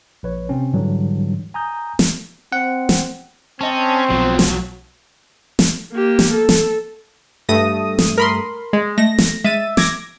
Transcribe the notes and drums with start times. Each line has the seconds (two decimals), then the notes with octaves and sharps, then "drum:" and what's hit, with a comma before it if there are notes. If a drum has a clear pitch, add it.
0.23 A#1 B4 C#5
0.49 C3 C4 C#4
0.73 G#2 D3 E3 F#3 G3 D4
1.54 G#5 A#5 D#6 G6
1.99 drum: snare
2.52 C4 F#5
2.89 drum: snare
3.61 C4 C#4 D#5 A5
4.10 B1 F3 F#3
4.39 drum: snare
5.59 drum: snare
5.93 A#3 G4
6.19 drum: snare
6.33 A4
6.49 drum: snare
7.49 G2 A3 D#6 A#6
7.99 drum: snare
8.18 A#4 B5 C6
8.73 G#3
8.98 A3 A#6
9.18 drum: snare
9.44 G#3 E5 A6 D#7
9.77 D6 G#6 A#6, drum: snare